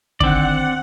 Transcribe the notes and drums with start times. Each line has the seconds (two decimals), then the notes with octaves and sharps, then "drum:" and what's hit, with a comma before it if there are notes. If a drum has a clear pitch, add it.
0.20 D3 D#3 C4 D5 F#5, drum: kick